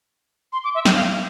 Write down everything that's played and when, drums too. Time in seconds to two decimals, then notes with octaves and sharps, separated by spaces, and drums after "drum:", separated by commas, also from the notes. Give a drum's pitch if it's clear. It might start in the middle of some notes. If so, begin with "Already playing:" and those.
0.53 C6
0.64 D6
0.75 E5
0.85 G5, drum: snare
0.95 F5